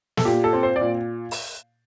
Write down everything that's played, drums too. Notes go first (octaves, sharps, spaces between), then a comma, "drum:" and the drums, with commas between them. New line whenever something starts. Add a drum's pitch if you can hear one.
A4, drum: snare
A#2 G4
A4
C4
C5
D5
A#2
drum: open hi-hat